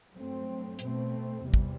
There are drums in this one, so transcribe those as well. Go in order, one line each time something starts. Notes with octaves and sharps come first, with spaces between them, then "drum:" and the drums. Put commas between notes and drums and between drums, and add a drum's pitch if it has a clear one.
G2 F#3 A3 C4
B2 A3 C4, drum: hi-hat
E2 C3 G3
drum: kick